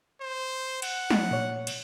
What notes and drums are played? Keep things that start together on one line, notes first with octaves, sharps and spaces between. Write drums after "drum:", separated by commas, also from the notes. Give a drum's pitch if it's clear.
C5
F#5, drum: cymbal
drum: snare
A#2 C#5
drum: cymbal